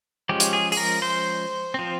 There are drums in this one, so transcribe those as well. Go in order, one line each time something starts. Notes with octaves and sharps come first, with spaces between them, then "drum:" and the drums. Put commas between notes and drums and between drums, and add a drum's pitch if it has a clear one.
F3 G#3 C#4 G4
drum: hi-hat
G#4
G#4, drum: open hi-hat
A#4
C5
F3 C4